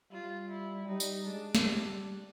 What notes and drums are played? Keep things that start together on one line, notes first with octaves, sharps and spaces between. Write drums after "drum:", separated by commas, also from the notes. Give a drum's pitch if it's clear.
G3 F4
E4
G3 D#4
drum: tambourine
G#3 D4
drum: snare
G3